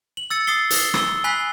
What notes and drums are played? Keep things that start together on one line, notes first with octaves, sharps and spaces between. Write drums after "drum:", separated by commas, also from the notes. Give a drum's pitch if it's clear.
F#7
E6 A6 C#7
D#6 A6 C7 G7
C7, drum: hi-hat
E6 G7, drum: rim click
G#5 B5 F#6 B6 C7